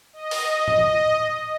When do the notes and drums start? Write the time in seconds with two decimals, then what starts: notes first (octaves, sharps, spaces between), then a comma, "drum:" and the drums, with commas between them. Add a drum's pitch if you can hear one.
0.13 D#5
0.31 drum: open hi-hat
0.68 drum: tom A2